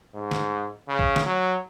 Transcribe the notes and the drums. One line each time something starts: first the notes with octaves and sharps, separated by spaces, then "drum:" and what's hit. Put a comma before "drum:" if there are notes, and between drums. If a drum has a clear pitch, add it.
G#2
drum: snare
C#3
drum: kick
drum: snare
F#3